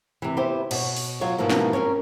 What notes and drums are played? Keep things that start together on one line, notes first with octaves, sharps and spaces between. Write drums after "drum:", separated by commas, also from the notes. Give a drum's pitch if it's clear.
C3 E3
B3 E4 G4 C5
B2 C#5, drum: cymbal
drum: open hi-hat
B2 F#3 F4 C#5
G#2 B2 E3 F3 A#3
drum: snare
C4 C#4 A#4 C#5